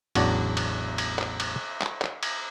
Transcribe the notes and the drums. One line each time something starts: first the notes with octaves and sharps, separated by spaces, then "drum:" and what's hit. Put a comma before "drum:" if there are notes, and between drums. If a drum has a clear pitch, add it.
A1 E2 F#3 D4 F#4 D5, drum: cymbal
drum: cymbal
drum: cymbal
drum: clap
drum: cymbal
drum: clap
drum: clap
drum: cymbal